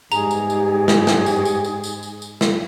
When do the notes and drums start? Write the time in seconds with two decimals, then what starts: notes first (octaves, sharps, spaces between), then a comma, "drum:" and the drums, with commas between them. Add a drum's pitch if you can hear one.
0.12 E2 G#2 G3 G4 G#4 A#5, drum: tambourine
0.31 drum: tambourine
0.50 drum: tambourine
0.88 drum: snare
1.07 drum: snare
1.26 drum: tambourine
1.45 drum: tambourine
1.64 drum: tambourine
1.84 drum: tambourine
2.03 drum: tambourine
2.22 drum: tambourine
2.41 drum: snare